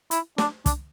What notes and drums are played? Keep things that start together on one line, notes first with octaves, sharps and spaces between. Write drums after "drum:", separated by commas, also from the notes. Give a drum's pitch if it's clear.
E4, drum: hi-hat
D4, drum: snare
D4, drum: kick, hi-hat